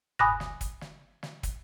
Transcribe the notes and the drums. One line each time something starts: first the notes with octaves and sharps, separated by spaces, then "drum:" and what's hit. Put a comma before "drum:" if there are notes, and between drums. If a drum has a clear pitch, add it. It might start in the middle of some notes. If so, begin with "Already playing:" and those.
G#5 B5 D6 D#6 F#6 A#6, drum: tom F#1
drum: snare
drum: kick, hi-hat
drum: snare
drum: snare
drum: kick, hi-hat